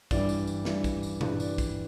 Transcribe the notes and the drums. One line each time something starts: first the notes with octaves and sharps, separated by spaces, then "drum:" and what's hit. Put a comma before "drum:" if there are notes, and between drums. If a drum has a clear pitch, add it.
G2 E3 G3 D5, drum: kick, tambourine
drum: tambourine
drum: tambourine
G2 E3 G3 D5, drum: snare
drum: kick, tambourine
drum: tambourine
G2 E3 G3 B4, drum: tom A#2
D5, drum: tambourine
drum: kick, tambourine